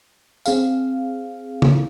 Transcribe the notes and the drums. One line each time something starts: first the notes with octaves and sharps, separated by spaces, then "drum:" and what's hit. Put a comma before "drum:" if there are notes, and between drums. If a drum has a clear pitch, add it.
C4 G#4 F5, drum: tambourine
drum: tom